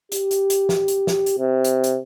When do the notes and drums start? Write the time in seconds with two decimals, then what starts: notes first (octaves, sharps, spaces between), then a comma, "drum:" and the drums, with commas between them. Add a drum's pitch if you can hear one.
0.12 G4, drum: hi-hat
0.31 drum: hi-hat
0.50 drum: hi-hat
0.69 drum: snare
0.88 drum: hi-hat
1.07 drum: snare
1.26 drum: hi-hat
1.38 C3
1.65 drum: hi-hat
1.84 drum: hi-hat